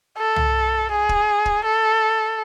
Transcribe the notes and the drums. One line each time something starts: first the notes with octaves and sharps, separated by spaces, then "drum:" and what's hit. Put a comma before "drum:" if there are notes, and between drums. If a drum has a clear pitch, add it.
A4
drum: tom C2
G#4
drum: kick
drum: kick
A4